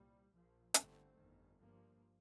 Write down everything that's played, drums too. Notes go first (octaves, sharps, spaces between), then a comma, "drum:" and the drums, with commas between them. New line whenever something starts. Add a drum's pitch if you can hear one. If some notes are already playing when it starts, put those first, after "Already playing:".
Already playing: C2 A#2 G3
A#1 A#2 F3
G1 G2 D3 A3 C4, drum: hi-hat
G1 F2 D#3
G2 F3 A#3